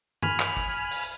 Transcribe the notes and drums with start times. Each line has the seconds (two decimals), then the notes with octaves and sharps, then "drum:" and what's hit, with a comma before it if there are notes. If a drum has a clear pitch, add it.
0.22 G#5 B5 F6, drum: tom
0.40 drum: clap
0.57 drum: kick
0.91 drum: open hi-hat